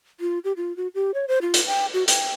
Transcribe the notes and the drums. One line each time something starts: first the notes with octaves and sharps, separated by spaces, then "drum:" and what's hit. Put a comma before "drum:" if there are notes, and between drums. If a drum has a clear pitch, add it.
F4
G4
F4
F#4
G4
C#5
C5
F4
drum: hi-hat
G5
F#4
G5, drum: hi-hat